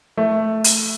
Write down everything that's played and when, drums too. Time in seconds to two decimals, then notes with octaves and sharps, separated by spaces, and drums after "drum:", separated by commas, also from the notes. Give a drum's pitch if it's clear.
0.17 A3
0.64 drum: hi-hat